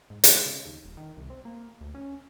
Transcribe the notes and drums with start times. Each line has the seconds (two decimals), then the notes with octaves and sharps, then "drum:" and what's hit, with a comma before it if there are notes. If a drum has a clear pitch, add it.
0.10 G#2
0.24 G#3, drum: hi-hat
0.46 C#3
0.66 D#2
0.84 D#1
0.97 D#3
1.17 C2
1.30 C4
1.45 A#3
1.81 D2
1.95 C#4